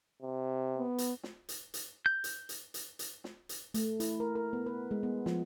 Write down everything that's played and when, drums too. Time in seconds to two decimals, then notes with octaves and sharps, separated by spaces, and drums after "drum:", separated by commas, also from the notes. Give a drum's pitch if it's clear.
0.22 C3
0.78 B3
0.98 drum: hi-hat
1.23 drum: snare
1.49 drum: hi-hat
1.74 drum: hi-hat
2.06 G6
2.24 drum: hi-hat
2.49 drum: hi-hat
2.74 drum: hi-hat
2.99 drum: hi-hat
3.24 drum: snare
3.49 drum: hi-hat
3.74 A3, drum: hi-hat
4.00 E4, drum: hi-hat
4.20 A#4
4.36 A#4
4.53 B3
4.66 B4
4.91 G#3
5.03 B3
5.26 F3, drum: snare